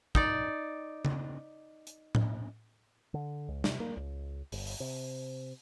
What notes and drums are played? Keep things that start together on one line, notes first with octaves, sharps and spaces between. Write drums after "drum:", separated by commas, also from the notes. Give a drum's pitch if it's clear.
D#4 D5, drum: kick
drum: tom C#3
drum: hi-hat
drum: tom A2
D3
C#2
C3, drum: snare
A#3
C#2
G1, drum: open hi-hat
drum: open hi-hat
C3